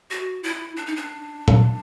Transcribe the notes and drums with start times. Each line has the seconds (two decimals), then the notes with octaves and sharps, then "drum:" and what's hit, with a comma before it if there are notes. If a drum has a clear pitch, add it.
0.11 F#4
0.43 E4
0.77 D4
0.86 D#4
0.96 D4
1.48 drum: tom